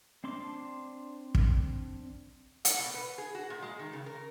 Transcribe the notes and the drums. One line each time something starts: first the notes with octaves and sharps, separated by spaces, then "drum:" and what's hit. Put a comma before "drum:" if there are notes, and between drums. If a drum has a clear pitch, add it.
C4 D4 C6 D6
drum: kick
F#5, drum: hi-hat
B2
B4
G#4
F#4
A#2
G#3
D#3
C#3
A#4